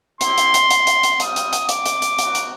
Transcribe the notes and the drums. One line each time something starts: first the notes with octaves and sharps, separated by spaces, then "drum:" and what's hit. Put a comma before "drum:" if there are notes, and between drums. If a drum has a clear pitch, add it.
C4 E4 G4 C6, drum: hi-hat
drum: hi-hat
drum: hi-hat
drum: hi-hat
drum: hi-hat
drum: hi-hat
G3 C4 F4 D#6, drum: hi-hat
drum: hi-hat
drum: hi-hat
D6, drum: hi-hat
drum: hi-hat
drum: hi-hat
B3 D#4 F#4, drum: hi-hat
drum: hi-hat